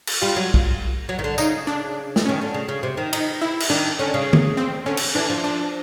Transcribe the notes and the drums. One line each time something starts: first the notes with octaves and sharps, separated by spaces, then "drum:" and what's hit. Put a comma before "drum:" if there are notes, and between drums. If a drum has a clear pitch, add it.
drum: cymbal
G3 F4
F#3
drum: kick B1
F#3
D#3
D3
C#3 D#4, drum: tambourine
D4
E3, drum: snare
D#3 C#4
D3
C#3
C#3
C3
D#3
D#4, drum: cymbal
E4
drum: cymbal
D#3 D4
D3 C#4
C#3
drum: tom
C4
D3 C#4
drum: cymbal
E3 D4
F3
D4